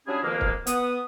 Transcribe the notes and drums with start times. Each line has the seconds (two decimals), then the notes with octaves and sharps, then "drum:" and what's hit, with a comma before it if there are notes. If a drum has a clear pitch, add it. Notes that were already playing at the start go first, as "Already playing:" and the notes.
0.07 F#3 G3 C#4 D4 E4 G#4
0.23 F2 B2 D#3 F3 G#3 A#3
0.41 drum: kick
0.67 B3 D#6, drum: hi-hat